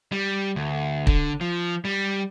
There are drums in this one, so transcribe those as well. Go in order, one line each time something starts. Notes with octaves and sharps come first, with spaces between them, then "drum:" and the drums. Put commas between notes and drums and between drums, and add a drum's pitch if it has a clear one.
G3
D2
D3, drum: kick
F3
G3